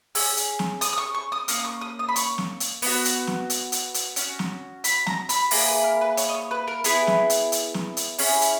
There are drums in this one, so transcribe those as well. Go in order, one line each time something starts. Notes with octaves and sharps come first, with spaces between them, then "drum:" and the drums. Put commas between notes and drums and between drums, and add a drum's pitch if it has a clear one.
C#4 G#4 E6, drum: open hi-hat
drum: hi-hat
drum: snare
D#6, drum: hi-hat
D#6
C#6
C#6
D#6
A#3 C#4 D#6, drum: hi-hat
D#6
C#6
D#6
D#6
B5
C#6, drum: hi-hat
drum: snare
drum: hi-hat
B3 F#4, drum: open hi-hat
drum: hi-hat
drum: snare
drum: hi-hat
drum: hi-hat
drum: hi-hat
C#4 F#4, drum: hi-hat
drum: snare
B5, drum: hi-hat
A#5, drum: snare
B5, drum: hi-hat
A#3 E4 G#4 A#5, drum: open hi-hat
B4
A#4
B4
C#5, drum: hi-hat
D#5
C#5
B4
A#4
B3 E4 G#4 B4, drum: hi-hat
drum: snare
drum: hi-hat
drum: hi-hat
drum: snare
drum: hi-hat
C#4 E4 G#4 C#5, drum: open hi-hat
drum: hi-hat